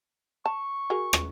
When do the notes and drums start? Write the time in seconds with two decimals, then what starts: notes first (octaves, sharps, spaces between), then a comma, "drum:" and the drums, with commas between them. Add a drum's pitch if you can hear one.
0.46 A5 C#6
0.90 F#4 G#4 A#4
1.13 drum: rim click